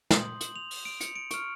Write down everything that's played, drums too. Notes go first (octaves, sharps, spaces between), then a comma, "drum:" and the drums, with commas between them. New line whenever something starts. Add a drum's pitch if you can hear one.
C6 D#6 G6 F#7, drum: snare
F#7, drum: hi-hat
F7
drum: open hi-hat
D7
C#7, drum: hi-hat
D7
C#6 F6 D7, drum: hi-hat